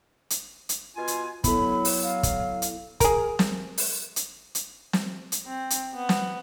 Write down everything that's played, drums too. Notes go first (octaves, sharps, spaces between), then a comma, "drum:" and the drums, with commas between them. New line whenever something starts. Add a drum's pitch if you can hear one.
drum: hi-hat
drum: hi-hat
B2 F4 G#5
drum: hi-hat
F#3 B3 E4 A4 B5, drum: kick, hi-hat
drum: open hi-hat
F5
drum: kick, hi-hat
drum: hi-hat
G#4 A#4, drum: kick, hi-hat
drum: snare
drum: open hi-hat
drum: hi-hat
drum: hi-hat
drum: snare
drum: hi-hat
C4
drum: hi-hat
B3
drum: snare